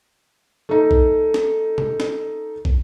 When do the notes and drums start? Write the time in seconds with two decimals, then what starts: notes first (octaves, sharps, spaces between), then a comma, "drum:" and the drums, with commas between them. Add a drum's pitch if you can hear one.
0.69 A3 D#4
0.91 drum: kick
1.34 drum: snare
1.78 drum: tom
2.00 drum: snare
2.65 drum: kick